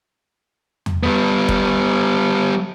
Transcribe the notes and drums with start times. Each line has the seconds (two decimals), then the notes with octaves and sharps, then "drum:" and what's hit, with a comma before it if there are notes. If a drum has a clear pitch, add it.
0.86 drum: tom E2
1.03 G3 B3
1.49 drum: kick